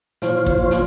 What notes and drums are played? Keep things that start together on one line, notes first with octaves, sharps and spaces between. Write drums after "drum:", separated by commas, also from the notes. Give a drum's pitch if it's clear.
A#2 E3 F3 C5 C#5 F5, drum: hi-hat
drum: kick
drum: hi-hat